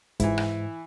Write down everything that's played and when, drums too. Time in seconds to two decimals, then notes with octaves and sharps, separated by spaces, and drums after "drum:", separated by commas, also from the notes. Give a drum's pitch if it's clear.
0.20 G#2 E3 E4, drum: kick, hi-hat
0.38 drum: rim click